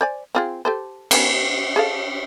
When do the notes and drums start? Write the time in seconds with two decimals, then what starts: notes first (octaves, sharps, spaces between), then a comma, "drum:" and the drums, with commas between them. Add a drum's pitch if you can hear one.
0.01 C5 D5 G#5
0.35 C4 F4 G#4
0.65 G4 A4 C5
1.11 D#3 B3 C#4, drum: cymbal
1.76 G#4 A4 F5